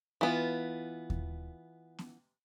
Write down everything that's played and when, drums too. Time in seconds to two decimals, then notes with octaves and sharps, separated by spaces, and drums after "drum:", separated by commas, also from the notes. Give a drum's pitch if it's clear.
0.21 E3 B3 F4
1.10 drum: kick D#2
1.99 drum: snare B3